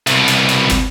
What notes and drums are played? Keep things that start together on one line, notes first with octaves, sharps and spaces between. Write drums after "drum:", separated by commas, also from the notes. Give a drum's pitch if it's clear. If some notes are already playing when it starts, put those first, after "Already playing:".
C2 B2, drum: hi-hat
drum: hi-hat
drum: hi-hat
drum: kick, hi-hat